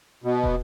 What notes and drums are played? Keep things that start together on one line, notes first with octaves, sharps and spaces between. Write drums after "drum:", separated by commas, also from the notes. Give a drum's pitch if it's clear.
B2
drum: kick